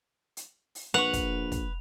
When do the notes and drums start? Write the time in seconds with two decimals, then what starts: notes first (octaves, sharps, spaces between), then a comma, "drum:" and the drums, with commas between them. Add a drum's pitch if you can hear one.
0.37 drum: hi-hat
0.75 drum: open hi-hat
0.94 A#1 B4 F#5 C#6 F7
1.13 drum: kick, hi-hat
1.52 drum: kick, hi-hat